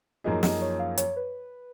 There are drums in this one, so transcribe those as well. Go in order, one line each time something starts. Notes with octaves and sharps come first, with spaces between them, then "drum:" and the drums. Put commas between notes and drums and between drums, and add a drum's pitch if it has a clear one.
F#2 F3 A#3 D#4 G#4 D#5
D#5, drum: snare
C#5
F5
C#5, drum: hi-hat
B4